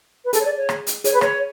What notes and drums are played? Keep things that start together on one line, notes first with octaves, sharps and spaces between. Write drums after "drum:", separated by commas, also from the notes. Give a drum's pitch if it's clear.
B4
G#4 A4, drum: hi-hat
C#5
D5
C#5
drum: rim click
drum: hi-hat
G#4 C#5, drum: hi-hat
B4
C#5, drum: rim click